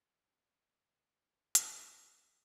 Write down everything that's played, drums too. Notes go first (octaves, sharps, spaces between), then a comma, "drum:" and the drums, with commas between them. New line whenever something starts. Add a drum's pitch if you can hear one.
F4 G#4 A4 D5 D#5, drum: hi-hat